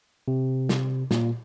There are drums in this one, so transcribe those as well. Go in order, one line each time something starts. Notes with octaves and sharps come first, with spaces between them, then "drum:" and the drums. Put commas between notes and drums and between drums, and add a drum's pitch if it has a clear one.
C3
drum: snare
A#2, drum: snare